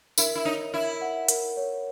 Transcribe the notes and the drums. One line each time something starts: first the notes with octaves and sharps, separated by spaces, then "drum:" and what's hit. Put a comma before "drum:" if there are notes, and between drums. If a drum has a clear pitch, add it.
E4 A#4, drum: tambourine
E4
D#4 C#5
E4 A#4
F#5
A#4, drum: hi-hat
C#5